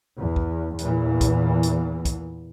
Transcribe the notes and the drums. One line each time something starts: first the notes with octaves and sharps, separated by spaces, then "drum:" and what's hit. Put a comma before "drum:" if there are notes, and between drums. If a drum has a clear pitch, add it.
E2
drum: kick
E2 A#2 E3, drum: hi-hat
drum: kick, hi-hat
drum: hi-hat
drum: kick, hi-hat